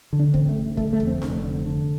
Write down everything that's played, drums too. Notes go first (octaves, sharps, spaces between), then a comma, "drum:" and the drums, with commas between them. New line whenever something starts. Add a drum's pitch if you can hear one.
D3
D4
A1 C4, drum: kick
A3
A1
D3 A3, drum: kick
A3
F2, drum: kick
C4
F1, drum: snare D4
D3
D3